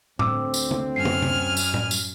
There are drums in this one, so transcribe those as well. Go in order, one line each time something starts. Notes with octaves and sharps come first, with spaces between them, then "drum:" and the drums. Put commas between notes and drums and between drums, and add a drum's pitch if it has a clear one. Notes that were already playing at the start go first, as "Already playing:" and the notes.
D2 C4 D6 E6, drum: tom A2
drum: tambourine
drum: tom
F#2 G#5 F6 C7
drum: tom
drum: tom C3
drum: tambourine
drum: tom A2
drum: tambourine